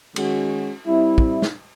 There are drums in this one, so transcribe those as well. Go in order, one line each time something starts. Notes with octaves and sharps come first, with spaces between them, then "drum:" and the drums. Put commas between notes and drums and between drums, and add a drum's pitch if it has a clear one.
D#3 G#3 C#4 F#4, drum: cymbal
G3 C4 E4
drum: kick
drum: snare